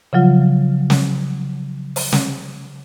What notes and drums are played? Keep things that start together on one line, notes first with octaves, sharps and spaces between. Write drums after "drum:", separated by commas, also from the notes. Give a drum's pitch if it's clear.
C#3 F3 F#3 F4
drum: snare
drum: open hi-hat
drum: snare